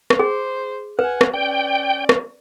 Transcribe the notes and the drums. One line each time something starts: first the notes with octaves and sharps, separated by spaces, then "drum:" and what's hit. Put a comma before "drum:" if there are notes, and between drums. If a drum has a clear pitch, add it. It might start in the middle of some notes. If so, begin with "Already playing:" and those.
drum: rim click
G#4 C5
B4 F#5 G#5
drum: rim click
C#4 D5 G5
drum: rim click